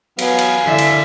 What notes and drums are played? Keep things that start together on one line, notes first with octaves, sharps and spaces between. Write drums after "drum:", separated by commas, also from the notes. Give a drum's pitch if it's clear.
E3 F#3 B3 F5 G#5, drum: cymbal
drum: cymbal
D3 E4 E5
drum: cymbal